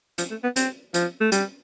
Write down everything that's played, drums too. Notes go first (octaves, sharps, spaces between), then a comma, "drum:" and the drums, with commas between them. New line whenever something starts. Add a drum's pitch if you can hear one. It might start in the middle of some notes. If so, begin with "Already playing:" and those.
F3, drum: hi-hat
A3
B3
C4, drum: hi-hat
F3, drum: hi-hat
A3
G3, drum: hi-hat